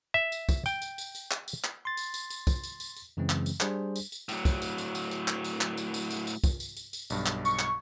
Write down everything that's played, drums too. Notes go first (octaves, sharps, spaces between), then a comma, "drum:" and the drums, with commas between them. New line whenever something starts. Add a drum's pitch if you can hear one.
E5
drum: tambourine
drum: kick, tambourine
G5, drum: tambourine
drum: tambourine
drum: tambourine
drum: tambourine
drum: clap
drum: tambourine
drum: clap
C6 A6
drum: tambourine
drum: tambourine
drum: tambourine
drum: kick, tambourine
drum: tambourine
drum: tambourine
drum: tambourine
F#2 C#3 E3 G#3 C4
drum: clap
drum: tambourine
G3 D4 G#4 C5, drum: clap
drum: tambourine
drum: tambourine
A2 F#3, drum: tambourine
drum: kick, tambourine
drum: tambourine
drum: tambourine
drum: tambourine
drum: tambourine
drum: clap
drum: tambourine
drum: clap
drum: tambourine
drum: tambourine
drum: tambourine
drum: tambourine
drum: kick, tambourine
drum: tambourine
drum: tambourine
drum: tambourine
B1 G2, drum: tambourine
drum: clap
C#6, drum: tambourine
drum: clap